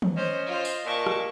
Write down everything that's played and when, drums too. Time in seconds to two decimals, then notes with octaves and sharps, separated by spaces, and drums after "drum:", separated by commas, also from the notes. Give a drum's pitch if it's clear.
0.02 drum: tom D#3
0.17 C#4 C5 D#5
0.46 F4 C5
0.65 drum: tambourine
0.86 A#2 A5 C#6
1.07 drum: rim click